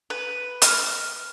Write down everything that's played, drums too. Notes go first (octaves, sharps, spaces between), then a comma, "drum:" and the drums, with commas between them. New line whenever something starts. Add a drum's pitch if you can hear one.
B4
F6, drum: hi-hat